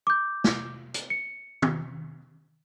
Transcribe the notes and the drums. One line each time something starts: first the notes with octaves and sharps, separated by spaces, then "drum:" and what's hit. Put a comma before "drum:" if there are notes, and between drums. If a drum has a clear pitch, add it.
D6 G6
drum: snare
drum: hi-hat
C#7
drum: tom